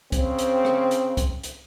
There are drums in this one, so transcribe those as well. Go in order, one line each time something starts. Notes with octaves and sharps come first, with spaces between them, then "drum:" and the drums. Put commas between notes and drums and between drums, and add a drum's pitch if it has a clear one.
C#3 C4, drum: kick C2, hi-hat
drum: hi-hat
drum: rim click
drum: hi-hat
drum: kick C2, hi-hat
drum: hi-hat